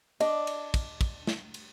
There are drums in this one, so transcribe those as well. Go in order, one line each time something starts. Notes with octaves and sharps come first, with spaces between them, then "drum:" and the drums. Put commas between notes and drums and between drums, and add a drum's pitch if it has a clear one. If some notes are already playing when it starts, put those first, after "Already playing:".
D4 D#5, drum: cymbal
drum: cymbal
drum: kick, cymbal
drum: kick, cymbal
drum: snare
drum: cymbal